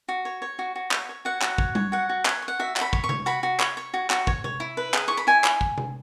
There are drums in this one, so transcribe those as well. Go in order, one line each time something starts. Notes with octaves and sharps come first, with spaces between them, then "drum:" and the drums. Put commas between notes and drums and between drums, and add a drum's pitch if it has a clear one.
F#4
C#5
C#5
F#4
F#4
C#5, drum: clap
C#5
F#4 F#5
F#4, drum: clap
C#5, drum: kick
C#5, drum: tom G3
F#4 F#5
F#4
C#5, drum: clap
C#5
F#5
F#4 E5
F#4, drum: clap
B5
C#5, drum: kick
C#6
C#5, drum: tom C3
F#4 B5
F#4
C#5, drum: clap
C#5
F#4
F#4, drum: clap
C#5, drum: kick
C#5, drum: tom C3
E4
B4
G#4, drum: clap
E4 C#6
B5
E4 G#5
drum: clap
drum: kick
drum: tom C3